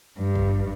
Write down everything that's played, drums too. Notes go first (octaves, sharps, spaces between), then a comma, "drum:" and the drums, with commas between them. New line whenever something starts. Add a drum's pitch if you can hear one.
G2
drum: kick